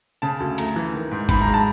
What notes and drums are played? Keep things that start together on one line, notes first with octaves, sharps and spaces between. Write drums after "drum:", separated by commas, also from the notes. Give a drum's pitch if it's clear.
C#3 A5
D2
A3 A#5, drum: hi-hat
E3
D#3
G#2
G#2 B5, drum: kick, hi-hat
A#5
G#3
A5